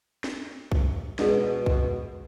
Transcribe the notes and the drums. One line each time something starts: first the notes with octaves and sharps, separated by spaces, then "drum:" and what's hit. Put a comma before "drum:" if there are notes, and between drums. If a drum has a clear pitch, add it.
drum: snare
drum: kick
B2 G#3 G#4, drum: snare
drum: kick